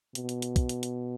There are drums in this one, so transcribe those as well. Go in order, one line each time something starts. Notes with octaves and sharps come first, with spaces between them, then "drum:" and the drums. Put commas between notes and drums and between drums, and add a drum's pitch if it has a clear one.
B2, drum: hi-hat
drum: hi-hat
drum: hi-hat
drum: kick, hi-hat
drum: hi-hat
drum: hi-hat